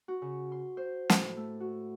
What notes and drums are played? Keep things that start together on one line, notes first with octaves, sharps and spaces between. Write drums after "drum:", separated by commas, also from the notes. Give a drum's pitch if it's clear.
F#4
C#3
C6
C5
A2, drum: snare
A3
F#4